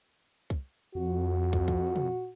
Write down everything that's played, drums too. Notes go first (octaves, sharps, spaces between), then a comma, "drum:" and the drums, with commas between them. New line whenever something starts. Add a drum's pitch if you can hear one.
drum: kick
F2 F#4
drum: kick
drum: kick
drum: tom